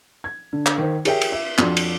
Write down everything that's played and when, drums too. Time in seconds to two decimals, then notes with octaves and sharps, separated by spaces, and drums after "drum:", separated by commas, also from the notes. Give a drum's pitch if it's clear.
0.24 G#6
0.53 D3
0.66 drum: clap
0.78 D#3 C5
1.05 G4 G#4 A#4 C#5 E5 G5, drum: cymbal
1.21 drum: cymbal
1.32 E5
1.58 F2 D4 F#4 C6, drum: clap
1.77 drum: cymbal